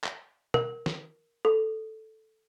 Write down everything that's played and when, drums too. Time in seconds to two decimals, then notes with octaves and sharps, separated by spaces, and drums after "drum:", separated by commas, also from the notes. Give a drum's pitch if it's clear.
0.04 drum: clap
0.54 A#4, drum: tom
0.86 drum: snare
1.45 A4